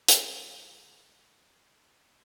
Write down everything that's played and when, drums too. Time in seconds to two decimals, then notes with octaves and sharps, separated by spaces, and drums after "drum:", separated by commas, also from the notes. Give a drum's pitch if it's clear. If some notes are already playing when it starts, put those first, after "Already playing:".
0.08 C#3 G#3 A#4, drum: hi-hat